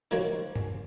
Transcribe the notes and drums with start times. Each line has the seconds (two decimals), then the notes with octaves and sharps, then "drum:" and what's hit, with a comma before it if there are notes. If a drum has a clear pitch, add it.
0.11 D#3 F3 A#3 F#4 C#5
0.56 drum: tom G2